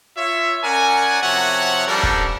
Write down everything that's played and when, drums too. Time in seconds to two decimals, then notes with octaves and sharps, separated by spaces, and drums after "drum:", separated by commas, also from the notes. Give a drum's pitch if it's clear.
0.17 F4 C#5 E5
0.63 C#4 A#4 D5 F#5 G#5
1.23 C3 F3 F#4 C#5 E5 F#5
1.88 F3 G3 C#4 D4 A4 A#4
2.03 drum: kick